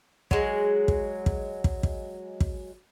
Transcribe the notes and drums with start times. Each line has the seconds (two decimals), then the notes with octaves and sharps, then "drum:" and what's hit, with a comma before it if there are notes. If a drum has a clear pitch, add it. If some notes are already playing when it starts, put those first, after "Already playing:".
0.31 F#3 G#3, drum: kick
0.88 drum: kick
1.26 drum: kick
1.64 drum: kick
1.83 drum: kick
2.40 drum: kick